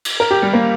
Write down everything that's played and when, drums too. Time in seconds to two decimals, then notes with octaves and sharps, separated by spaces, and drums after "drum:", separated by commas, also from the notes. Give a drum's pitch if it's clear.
0.05 drum: cymbal
0.20 A#4
0.31 G4
0.42 G3
0.53 A#3